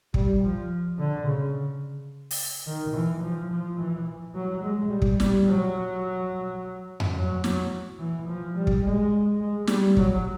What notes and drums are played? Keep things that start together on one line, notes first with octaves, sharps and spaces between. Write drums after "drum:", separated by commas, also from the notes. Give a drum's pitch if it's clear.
G3, drum: kick
F3
D3
C#3
drum: open hi-hat
D#3
E3
F3
F3
E3
F#3
G#3
G3
drum: kick
G3, drum: snare
F#3
drum: tom F2
F#3
F#3, drum: snare
E3
F3
G3
drum: kick
G#3
G#3
G3, drum: snare
F#3, drum: kick